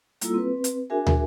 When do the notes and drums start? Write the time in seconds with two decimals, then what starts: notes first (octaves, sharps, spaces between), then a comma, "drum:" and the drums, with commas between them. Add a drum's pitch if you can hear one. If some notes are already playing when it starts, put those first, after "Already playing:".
0.21 G3 A#3 E4 F4 A4 E6, drum: hi-hat
0.34 C4 B4
0.64 drum: hi-hat
0.90 D4 F#4 G#4 A#4 E5 G#5
1.07 drum: tom